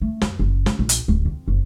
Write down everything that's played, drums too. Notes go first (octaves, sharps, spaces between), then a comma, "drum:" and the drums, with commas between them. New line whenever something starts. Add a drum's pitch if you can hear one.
A3
F#2, drum: snare
F#1
C#3, drum: snare
A#1
drum: hi-hat
D1
F2
F#1